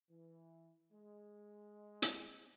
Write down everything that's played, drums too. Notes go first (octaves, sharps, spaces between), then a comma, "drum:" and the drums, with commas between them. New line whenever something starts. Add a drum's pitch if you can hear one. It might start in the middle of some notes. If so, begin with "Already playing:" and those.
E3
G#3
drum: hi-hat